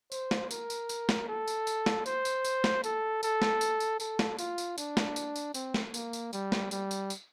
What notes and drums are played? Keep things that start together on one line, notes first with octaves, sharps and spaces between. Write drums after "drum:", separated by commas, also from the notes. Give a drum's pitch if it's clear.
C5, drum: tambourine
drum: snare
A#4, drum: tambourine
drum: tambourine
drum: tambourine
drum: snare
A4
drum: tambourine
drum: tambourine
drum: snare
C5, drum: tambourine
drum: tambourine
drum: tambourine
drum: snare
A4, drum: tambourine
A4, drum: tambourine
drum: snare
drum: tambourine
drum: tambourine
A4, drum: tambourine
drum: snare
F4, drum: tambourine
drum: tambourine
D4, drum: tambourine
drum: snare
drum: tambourine
drum: tambourine
C4, drum: tambourine
drum: snare
A#3, drum: tambourine
drum: tambourine
G3, drum: tambourine
drum: snare
G3, drum: tambourine
drum: tambourine
drum: tambourine